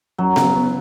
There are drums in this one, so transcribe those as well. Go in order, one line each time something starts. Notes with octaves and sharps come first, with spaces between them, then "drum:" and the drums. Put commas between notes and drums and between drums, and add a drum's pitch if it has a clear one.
F#2 F#3
C#3, drum: snare B3
B3